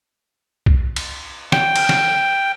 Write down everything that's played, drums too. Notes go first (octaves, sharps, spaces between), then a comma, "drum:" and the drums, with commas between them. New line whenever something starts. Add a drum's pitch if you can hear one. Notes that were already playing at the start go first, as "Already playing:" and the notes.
drum: kick B1
drum: cymbal
G5, drum: snare
drum: cymbal
drum: snare